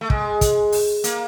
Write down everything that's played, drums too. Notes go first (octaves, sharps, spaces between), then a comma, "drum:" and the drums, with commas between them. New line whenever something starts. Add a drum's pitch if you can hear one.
A3
G#3, drum: kick
drum: kick, hi-hat
drum: open hi-hat
A#3, drum: hi-hat